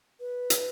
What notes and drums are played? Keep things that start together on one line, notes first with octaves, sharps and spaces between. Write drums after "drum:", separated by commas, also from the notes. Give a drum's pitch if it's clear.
B4
drum: hi-hat